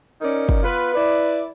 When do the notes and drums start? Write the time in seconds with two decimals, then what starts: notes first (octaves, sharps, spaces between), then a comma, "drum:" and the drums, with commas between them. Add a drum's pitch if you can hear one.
0.21 C#4 D#4 A#4 D5
0.49 drum: kick
0.63 B3 F4 B4
0.94 E4 B4 D5